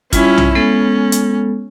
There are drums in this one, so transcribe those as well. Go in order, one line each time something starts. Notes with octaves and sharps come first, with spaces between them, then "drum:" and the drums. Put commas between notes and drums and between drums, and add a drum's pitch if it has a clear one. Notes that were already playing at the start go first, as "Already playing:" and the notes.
G3 C#4 E4 F4, drum: kick G#1, hi-hat
drum: tom B1
G#3 B3 C#4 A4
drum: hi-hat